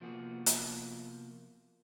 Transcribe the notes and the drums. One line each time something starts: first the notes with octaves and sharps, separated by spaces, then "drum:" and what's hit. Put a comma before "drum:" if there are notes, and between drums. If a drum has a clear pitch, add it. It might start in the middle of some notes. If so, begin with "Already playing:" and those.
C3 F3 A#3 B3 F#4 G#4
drum: hi-hat